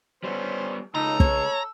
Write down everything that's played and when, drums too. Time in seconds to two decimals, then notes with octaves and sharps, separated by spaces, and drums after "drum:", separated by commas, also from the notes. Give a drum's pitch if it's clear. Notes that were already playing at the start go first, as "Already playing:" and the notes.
0.24 G3 B3 C#4 C5
0.95 C#2 D#4 A5 A#5 E6
1.20 C#5, drum: kick